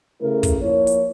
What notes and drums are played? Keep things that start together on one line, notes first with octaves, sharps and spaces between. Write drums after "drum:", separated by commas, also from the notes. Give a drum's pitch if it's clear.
C#3 A3 E4 A#4
drum: kick, hi-hat
F3 A#3 E4 C#5
drum: hi-hat